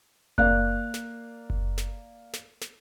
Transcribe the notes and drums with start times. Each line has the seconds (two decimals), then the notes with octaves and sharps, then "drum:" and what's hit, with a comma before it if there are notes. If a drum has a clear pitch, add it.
0.38 A#3 D5 F5 F#6, drum: kick F#1
0.94 drum: snare
1.50 drum: kick F#1
1.78 drum: snare
2.33 drum: snare
2.61 drum: snare